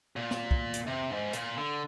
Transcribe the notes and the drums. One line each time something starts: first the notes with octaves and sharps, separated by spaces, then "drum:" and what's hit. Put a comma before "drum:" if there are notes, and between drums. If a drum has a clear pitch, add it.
A#2
drum: snare
drum: kick
drum: hi-hat
C3
G#2
A#2, drum: hi-hat
D3